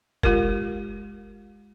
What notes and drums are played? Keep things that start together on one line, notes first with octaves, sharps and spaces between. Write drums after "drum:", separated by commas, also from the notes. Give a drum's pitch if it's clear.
G#3 F4 G4 A#4, drum: kick